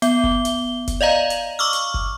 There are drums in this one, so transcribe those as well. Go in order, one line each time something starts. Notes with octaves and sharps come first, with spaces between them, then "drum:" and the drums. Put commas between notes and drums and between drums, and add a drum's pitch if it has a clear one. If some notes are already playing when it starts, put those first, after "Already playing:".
B3 G7, drum: hi-hat
drum: kick F1
drum: hi-hat
drum: kick F1, hi-hat
D5 D#5 F5 A#5
drum: hi-hat
C#6 D6 E6 F6
drum: hi-hat
drum: kick F1